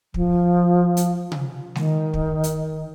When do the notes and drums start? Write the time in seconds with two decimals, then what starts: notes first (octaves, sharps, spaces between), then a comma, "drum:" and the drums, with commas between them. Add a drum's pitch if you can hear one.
0.14 F3, drum: kick
0.97 drum: hi-hat
1.32 drum: tom C3
1.75 D#3, drum: snare G#3
2.14 drum: kick
2.44 drum: hi-hat